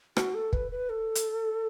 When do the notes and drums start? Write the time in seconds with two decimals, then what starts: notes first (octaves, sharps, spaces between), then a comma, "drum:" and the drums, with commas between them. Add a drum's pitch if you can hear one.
0.16 F#4, drum: rim click
0.35 A4
0.53 B4, drum: kick
0.72 B4
0.89 A4
1.15 drum: hi-hat